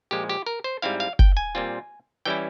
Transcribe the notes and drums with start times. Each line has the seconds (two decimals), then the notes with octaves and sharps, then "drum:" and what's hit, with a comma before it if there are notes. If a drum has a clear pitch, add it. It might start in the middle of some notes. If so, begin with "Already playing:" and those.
0.11 A#2 F3 G#3 G4
0.29 G4
0.46 A#4
0.64 C5
0.82 G#2 G3 C4 E4 F5
1.00 F5
1.19 G5, drum: kick F#1
1.37 G#5
1.55 A#2 G3 C4 F4
2.26 E3 G3 C#4 E4 G5